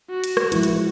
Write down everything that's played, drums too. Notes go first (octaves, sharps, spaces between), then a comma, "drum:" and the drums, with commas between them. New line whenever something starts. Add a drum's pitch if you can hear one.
F#4
drum: hi-hat
drum: rim click
F3 G#3 E4, drum: hi-hat
drum: hi-hat